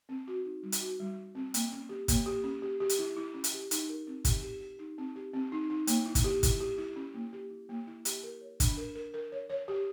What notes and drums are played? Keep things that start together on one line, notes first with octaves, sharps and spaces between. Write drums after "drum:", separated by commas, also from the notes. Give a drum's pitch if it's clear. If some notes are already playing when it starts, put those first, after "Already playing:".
C4
F#4
D#4
G3
drum: hi-hat
F#4
G3
G3
C4
A#3, drum: hi-hat
C#4
G4
A#3, drum: kick, hi-hat
G4
C#4
G4
G4
drum: hi-hat
E4
E4
C#4
drum: hi-hat
G4
D#4, drum: hi-hat
A#4
C4
G4, drum: kick, hi-hat
G4
G4
D#4
C4
G4
C4
D#4
D#4
A#3, drum: hi-hat
E4
drum: kick, hi-hat
G4
E4, drum: kick, hi-hat
G4
E4
C#4
A#3
G4
E4
A#3
E4
G4, drum: hi-hat
A#4
C#5
D4, drum: kick, hi-hat
A#4
A#4
A#4
C#5
C#5
G4